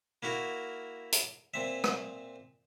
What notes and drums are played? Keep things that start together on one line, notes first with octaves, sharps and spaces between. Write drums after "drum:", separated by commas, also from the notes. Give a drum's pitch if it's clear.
A#3 E4 F#4 A#4
drum: hi-hat
A#2 C4 E5
drum: rim click